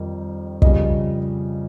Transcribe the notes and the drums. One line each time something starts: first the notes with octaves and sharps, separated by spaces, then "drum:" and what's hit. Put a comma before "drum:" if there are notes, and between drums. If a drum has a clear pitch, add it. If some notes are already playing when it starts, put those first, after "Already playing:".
Already playing: F2 D#3 G3
F2 C#3 G3 D#5, drum: kick